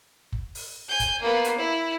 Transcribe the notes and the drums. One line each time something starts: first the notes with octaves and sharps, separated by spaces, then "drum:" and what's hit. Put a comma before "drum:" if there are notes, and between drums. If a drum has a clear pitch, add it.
drum: kick
drum: open hi-hat
G#5 G6
drum: kick, hi-hat
A#3 B3
drum: hi-hat
E4